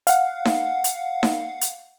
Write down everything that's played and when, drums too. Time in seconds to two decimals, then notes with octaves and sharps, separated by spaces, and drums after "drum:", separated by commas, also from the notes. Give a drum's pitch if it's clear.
0.07 F5 F#5, drum: hi-hat
0.45 drum: snare D#4
0.84 drum: hi-hat
1.23 drum: snare D#4
1.61 drum: hi-hat